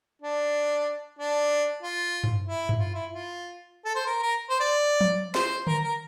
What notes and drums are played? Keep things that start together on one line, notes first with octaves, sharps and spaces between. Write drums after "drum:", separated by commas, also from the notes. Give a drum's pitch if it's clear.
D4
D4
F4
drum: tom G2
E4
drum: tom G2
F4
E4
F4
A4
C5
A#4
A#4
C5
D5
drum: tom F3
C5, drum: snare
A#4, drum: tom D3
A#4